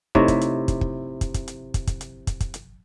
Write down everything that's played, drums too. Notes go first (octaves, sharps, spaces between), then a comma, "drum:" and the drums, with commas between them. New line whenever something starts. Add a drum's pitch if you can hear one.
C3 A3 D#4 E4 C#5, drum: kick
drum: kick, hi-hat
drum: hi-hat
drum: kick, hi-hat
drum: kick
drum: kick, hi-hat
drum: kick, hi-hat
drum: hi-hat
drum: kick, hi-hat
drum: kick, hi-hat
drum: hi-hat
drum: kick, hi-hat
drum: kick, hi-hat
drum: hi-hat